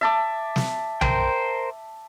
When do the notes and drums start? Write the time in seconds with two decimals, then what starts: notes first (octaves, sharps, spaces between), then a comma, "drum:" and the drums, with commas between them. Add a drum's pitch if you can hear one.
0.01 E5 A5 D6
0.56 drum: snare
1.01 A#4 C5 G5, drum: tom